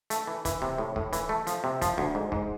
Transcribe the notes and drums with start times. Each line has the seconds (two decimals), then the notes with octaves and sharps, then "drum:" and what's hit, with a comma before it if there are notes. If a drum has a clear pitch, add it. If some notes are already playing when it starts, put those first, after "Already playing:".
0.10 A3, drum: hi-hat
0.27 E3
0.45 E3, drum: kick, hi-hat
0.62 C3
0.78 A2
0.96 A2, drum: kick
1.13 E3, drum: hi-hat
1.29 A3
1.47 F3, drum: hi-hat
1.64 C3
1.82 F3, drum: kick, hi-hat
1.98 D2
2.15 G#2
2.32 G#2, drum: kick